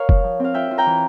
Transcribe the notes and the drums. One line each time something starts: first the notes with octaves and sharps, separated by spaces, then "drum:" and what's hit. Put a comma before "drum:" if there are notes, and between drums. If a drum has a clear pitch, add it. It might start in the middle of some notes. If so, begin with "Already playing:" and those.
Already playing: A#4 C#5 F5
F3, drum: kick F1
F3
C4 F5
F4 E5 G5
F4
G5 A#5
E3